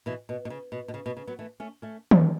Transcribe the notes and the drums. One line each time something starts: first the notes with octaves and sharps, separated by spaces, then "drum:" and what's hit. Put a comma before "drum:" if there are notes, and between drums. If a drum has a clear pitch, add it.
B2 E3
B2
B2
C#3
B2
B2
C#3
B2
C#3
F#3 B3
E3 A3
A3 C#4
A3 C#4
drum: tom D#3